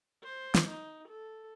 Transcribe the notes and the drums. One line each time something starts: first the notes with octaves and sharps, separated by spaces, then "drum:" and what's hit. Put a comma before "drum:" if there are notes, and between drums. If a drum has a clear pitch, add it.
C5
drum: snare
D#4
A4